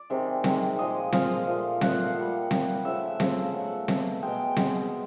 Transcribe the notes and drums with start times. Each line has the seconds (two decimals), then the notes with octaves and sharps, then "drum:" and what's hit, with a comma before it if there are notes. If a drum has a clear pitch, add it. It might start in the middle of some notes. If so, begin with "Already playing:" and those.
Already playing: D5
0.10 C3 D#3 G#3
0.44 C3 D#3 G#3, drum: snare C4
0.78 A#2 F3 G#3 D#5
1.12 A#2 F3 G#3 F5, drum: snare C4
1.47 A#2 F3 A3
1.81 A#2 F3 A3 F#5, drum: snare C4
1.95 F5
2.07 F#5
2.16 A#2 G3
2.51 A#2 G3, drum: snare C4
2.84 C#3 F3 A3 E5
3.20 C#3 F3 A3, drum: snare C4
3.54 B2 F#3 A3 F#5
3.88 B2 F#3 A3, drum: snare C4
4.22 B2 G#3 G5
4.56 B2 G#3, drum: snare C4